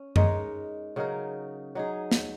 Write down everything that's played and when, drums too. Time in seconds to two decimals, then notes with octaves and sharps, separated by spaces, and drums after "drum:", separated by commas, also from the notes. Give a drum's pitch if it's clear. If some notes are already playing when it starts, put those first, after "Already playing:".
Already playing: C#4
0.16 G#3 D#4 A#4 C#5, drum: tom F#2
0.96 C#3 F#3 D#4 A#4
1.75 F#3 D#4 G#4
2.11 drum: snare